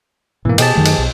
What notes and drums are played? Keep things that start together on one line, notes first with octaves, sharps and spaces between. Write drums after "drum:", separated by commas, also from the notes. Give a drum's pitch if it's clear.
G#2 B2 E3 A#3
B2 G4 G#4 A5, drum: cymbal
F#2 D#3 A3
drum: cymbal
B1